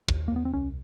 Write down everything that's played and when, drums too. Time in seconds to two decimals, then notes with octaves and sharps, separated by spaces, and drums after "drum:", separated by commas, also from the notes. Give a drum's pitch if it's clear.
0.08 D#2, drum: kick
0.28 A#3
0.32 D#2 B3
0.45 C4
0.53 C2 C#4